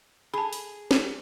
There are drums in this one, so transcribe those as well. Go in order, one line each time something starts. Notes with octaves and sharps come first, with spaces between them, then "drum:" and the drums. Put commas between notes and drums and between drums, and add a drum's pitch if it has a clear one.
G#4 A5 B5
drum: open hi-hat
drum: snare